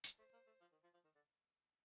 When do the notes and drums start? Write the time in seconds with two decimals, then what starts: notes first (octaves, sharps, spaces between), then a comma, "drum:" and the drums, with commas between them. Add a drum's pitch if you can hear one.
0.04 drum: hi-hat
0.18 A3 C5
0.33 A#3
0.47 A3
0.61 F3
0.72 D#3
0.83 F3
0.94 F3
1.04 D#3
1.15 D3